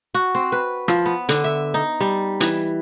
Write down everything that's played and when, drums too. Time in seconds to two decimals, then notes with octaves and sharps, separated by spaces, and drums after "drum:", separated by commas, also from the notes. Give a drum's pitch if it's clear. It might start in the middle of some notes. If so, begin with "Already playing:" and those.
0.14 F#4
0.35 C4
0.52 B4
0.88 F3, drum: rim click
1.06 B3
1.29 D3, drum: hi-hat
1.44 E5
1.74 D#4
2.01 G3
2.40 E3, drum: hi-hat